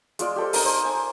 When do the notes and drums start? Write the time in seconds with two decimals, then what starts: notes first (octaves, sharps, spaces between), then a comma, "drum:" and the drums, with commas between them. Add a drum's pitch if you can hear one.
0.19 G#3 F4 D5, drum: hi-hat
0.36 G4 A4 C5
0.53 D#4 A#4, drum: open hi-hat
0.65 C5
0.85 G#5